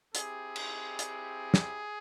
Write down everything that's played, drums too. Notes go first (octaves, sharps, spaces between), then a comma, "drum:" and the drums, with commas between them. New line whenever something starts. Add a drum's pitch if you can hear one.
C4 E4 G4 G#4, drum: hi-hat
drum: cymbal
drum: hi-hat
drum: snare